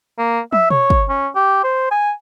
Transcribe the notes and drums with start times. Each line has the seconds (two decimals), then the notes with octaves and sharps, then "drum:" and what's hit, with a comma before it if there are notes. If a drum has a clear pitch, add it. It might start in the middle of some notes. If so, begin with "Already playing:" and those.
0.18 A#3
0.53 E5, drum: tom
0.71 C#5, drum: tom B2
0.90 drum: kick
1.09 C#4
1.35 G4
1.64 C5
1.91 G#5